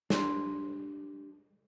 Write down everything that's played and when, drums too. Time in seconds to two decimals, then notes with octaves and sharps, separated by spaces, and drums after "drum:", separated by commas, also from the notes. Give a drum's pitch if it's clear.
0.10 D4 G4 C6, drum: snare